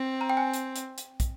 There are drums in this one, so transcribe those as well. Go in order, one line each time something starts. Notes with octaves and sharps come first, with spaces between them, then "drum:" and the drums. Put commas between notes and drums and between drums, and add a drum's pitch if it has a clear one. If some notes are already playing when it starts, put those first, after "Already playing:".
Already playing: C4
A#5
G5
G#5
drum: hi-hat
drum: hi-hat
drum: hi-hat
drum: kick, hi-hat